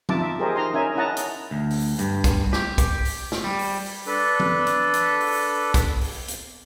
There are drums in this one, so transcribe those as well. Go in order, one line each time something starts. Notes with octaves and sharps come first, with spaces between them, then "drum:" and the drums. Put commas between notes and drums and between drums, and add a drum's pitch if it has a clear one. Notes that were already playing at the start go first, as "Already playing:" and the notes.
D#4 F4 E5 A5 D6, drum: tom E3
E5
G4 G#4 A#4 C5 D#5
D#4 A#5 C6
C#4 D#4 A#4 E5 G#5
C#4 E4 D#5 F#5 A5 A#5
drum: hi-hat
D2
drum: open hi-hat
G2, drum: hi-hat
drum: kick, hi-hat
G4, drum: snare
drum: kick, hi-hat
drum: open hi-hat
drum: snare
G3
drum: open hi-hat
drum: open hi-hat
D4 A4 B4
drum: tom E3
drum: hi-hat
drum: hi-hat
drum: open hi-hat
drum: kick, hi-hat
drum: open hi-hat
drum: hi-hat